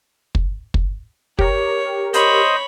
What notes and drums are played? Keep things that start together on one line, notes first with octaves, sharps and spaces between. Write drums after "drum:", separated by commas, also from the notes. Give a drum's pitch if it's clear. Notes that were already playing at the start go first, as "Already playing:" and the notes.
drum: kick
drum: kick
G4 A#4 C#5, drum: kick
C5 C#5 D#5 B5, drum: hi-hat